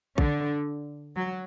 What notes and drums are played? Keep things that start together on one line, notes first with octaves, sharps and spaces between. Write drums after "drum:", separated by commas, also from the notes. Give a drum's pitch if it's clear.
D3, drum: kick A#1
F#3